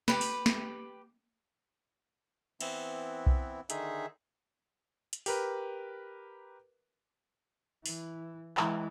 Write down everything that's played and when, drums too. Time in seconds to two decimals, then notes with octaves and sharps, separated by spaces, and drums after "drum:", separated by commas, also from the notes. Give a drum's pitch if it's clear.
0.08 G4 B4, drum: snare
0.21 drum: open hi-hat
0.46 drum: snare
2.61 E3 B3 C4 E4, drum: cymbal
3.27 drum: kick B1
3.70 D3 D#3 D#4 G#4 E5, drum: hi-hat
5.13 drum: hi-hat
5.26 G4 A#4 B4, drum: open hi-hat
7.86 E3, drum: open hi-hat
8.57 E3 G#3, drum: clap